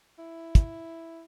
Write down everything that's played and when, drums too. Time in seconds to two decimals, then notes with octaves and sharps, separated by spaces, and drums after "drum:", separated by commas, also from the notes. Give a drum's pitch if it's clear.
0.18 E4
0.55 drum: kick, hi-hat